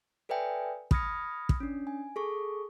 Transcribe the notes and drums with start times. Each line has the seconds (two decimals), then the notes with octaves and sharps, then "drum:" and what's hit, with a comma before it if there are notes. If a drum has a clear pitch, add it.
0.29 A4 B4 D5 E5 G5 G#5
0.91 B5 D#6 F6 G#6 A#6 C#7, drum: kick
1.49 drum: kick
1.60 C#4 D4
1.87 G#5
2.16 G#4 A4 C#6